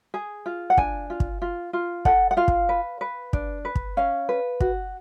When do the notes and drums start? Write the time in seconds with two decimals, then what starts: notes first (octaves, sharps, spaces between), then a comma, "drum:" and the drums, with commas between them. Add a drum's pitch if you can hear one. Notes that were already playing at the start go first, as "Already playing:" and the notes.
0.14 G#4
0.46 F4
0.70 F#5
0.77 D4 G#5, drum: kick
1.10 F4
1.20 drum: kick
1.42 F4
1.73 F4
2.05 A4 F#5, drum: kick
2.31 F#5
2.37 F4 F5
2.48 drum: kick
2.69 B4
3.01 B4
3.33 D4, drum: kick
3.65 B4
3.75 drum: kick
3.97 C#4 F5
4.29 B4
4.60 F#4, drum: kick